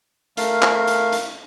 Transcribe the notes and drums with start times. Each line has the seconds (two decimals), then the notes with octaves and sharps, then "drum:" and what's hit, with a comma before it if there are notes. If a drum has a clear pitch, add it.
0.37 A3 A#4 F5, drum: hi-hat
0.62 drum: clap
0.87 drum: hi-hat
1.12 drum: hi-hat